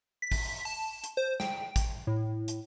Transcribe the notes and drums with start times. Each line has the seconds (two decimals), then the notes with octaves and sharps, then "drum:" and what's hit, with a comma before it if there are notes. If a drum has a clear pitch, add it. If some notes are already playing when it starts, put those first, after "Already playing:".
0.22 B6
0.32 drum: kick, open hi-hat
0.65 A5, drum: open hi-hat
1.04 drum: hi-hat
1.17 C5
1.40 G5, drum: snare
1.76 drum: kick, hi-hat
2.07 A2
2.48 drum: hi-hat